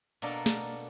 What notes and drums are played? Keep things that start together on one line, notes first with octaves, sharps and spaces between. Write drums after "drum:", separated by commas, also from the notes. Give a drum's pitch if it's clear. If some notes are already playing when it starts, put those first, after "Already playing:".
B2 A#3 D4 A4 A#4
drum: snare